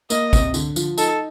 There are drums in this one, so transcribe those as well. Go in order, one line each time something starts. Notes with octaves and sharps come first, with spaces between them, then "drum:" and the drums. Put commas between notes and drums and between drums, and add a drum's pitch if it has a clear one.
A#3 D#5, drum: tambourine
C3, drum: kick, tambourine
D3, drum: tambourine
F3, drum: tambourine
D#4 A4, drum: tambourine